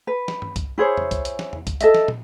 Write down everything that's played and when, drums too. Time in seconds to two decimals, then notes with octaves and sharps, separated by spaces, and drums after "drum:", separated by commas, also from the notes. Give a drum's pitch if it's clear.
0.07 B4
0.28 drum: snare
0.42 drum: tom G2
0.56 drum: kick, hi-hat
0.78 E4 G#4 C5 C#5
0.97 drum: tom E2
1.11 drum: kick, hi-hat
1.25 drum: hi-hat
1.39 drum: snare
1.53 drum: tom E2
1.67 drum: kick, hi-hat
1.81 A4 D#5 E5, drum: hi-hat
1.94 drum: snare
2.08 drum: tom